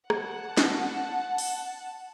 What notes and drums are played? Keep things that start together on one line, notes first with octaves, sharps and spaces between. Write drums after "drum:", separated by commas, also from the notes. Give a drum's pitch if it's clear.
F#5 A5, drum: rim click
drum: snare
drum: open hi-hat